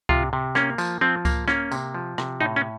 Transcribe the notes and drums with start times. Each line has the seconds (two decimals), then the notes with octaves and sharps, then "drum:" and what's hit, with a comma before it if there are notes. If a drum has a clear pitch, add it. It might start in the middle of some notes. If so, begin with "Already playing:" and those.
0.09 C3 F4, drum: kick C#2
0.33 C3
0.55 A#3 C#4, drum: rim click
0.78 F3, drum: tambourine
1.01 F3 C4
1.25 A#3, drum: kick C#2, tambourine
1.48 A#3 C#4, drum: rim click
1.72 C3, drum: tambourine
1.95 F3
2.18 C3, drum: rim click
2.41 A2 D#4
2.56 C#4